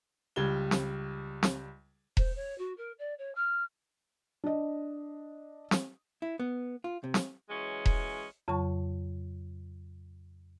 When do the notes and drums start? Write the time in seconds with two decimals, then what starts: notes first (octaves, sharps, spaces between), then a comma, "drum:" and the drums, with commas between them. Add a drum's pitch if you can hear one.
0.36 C#2 G3 G#6 G7
0.71 drum: snare
1.43 drum: snare
2.17 C5, drum: kick E1
2.35 C#5
2.57 F#4
2.77 A#4
2.98 D5
3.18 C#5
3.34 F6
4.44 D4 D#5
5.71 drum: snare
6.22 E4
6.40 B3
6.84 F4
7.04 C3
7.14 drum: snare
7.50 E3 F#3 G#3 C#4
7.86 drum: kick E1
8.48 F2 C#3 F#3 A5 C#6